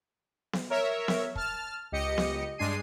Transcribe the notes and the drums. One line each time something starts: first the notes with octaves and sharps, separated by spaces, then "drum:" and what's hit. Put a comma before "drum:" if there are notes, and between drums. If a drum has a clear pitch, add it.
drum: snare B3
A#4 C#5 E5
drum: snare B3
A5 F6, drum: kick
C#2 G4 D#5 C#7
drum: snare B3
G2 G#3 D4 G#5 C7 D#7